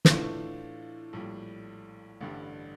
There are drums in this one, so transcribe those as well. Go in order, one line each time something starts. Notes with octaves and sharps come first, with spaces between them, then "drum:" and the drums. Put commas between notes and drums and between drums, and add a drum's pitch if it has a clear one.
A2 E3 A3 D4 F4, drum: snare
A#1 A2 G3
A1 G2 D3 G3